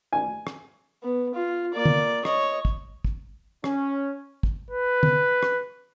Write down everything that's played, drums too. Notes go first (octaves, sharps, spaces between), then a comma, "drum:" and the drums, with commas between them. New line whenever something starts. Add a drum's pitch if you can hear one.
G#5
drum: rim click
B3
F4
A#3 D5
drum: tom D3
C#5 D#5, drum: rim click
drum: kick
drum: kick
C#4, drum: rim click
drum: kick
B4
drum: tom D3
drum: rim click